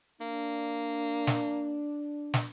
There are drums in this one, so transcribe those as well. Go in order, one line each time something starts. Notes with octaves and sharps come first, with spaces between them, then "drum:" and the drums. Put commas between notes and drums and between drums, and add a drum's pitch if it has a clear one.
A#3 D4
drum: snare
drum: snare